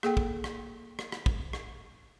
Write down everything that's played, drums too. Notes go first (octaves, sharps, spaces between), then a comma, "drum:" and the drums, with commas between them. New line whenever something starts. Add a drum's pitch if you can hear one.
A#3 G#4 A4 G5, drum: rim click
drum: kick
drum: rim click
drum: rim click
drum: rim click
drum: kick
drum: rim click